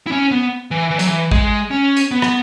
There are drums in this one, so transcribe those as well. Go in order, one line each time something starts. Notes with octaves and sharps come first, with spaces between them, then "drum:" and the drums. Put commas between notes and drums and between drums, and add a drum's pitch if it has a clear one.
E4
C#4
B3
E3
E3
F#3, drum: hi-hat
E3
G#3, drum: kick
C#4
drum: hi-hat
B3
drum: rim click